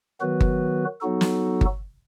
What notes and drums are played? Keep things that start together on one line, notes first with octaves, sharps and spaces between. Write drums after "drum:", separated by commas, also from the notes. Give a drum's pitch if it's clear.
D#3 F#3 B3 F#4 B4
drum: kick G1
F#3 B3 D#4 F#4 A4
drum: snare
drum: kick G1